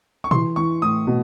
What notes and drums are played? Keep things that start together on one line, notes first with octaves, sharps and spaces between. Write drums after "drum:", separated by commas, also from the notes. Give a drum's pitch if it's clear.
C#6
E3 C6, drum: tom A#2
E3 C#6
A2 D#6
B2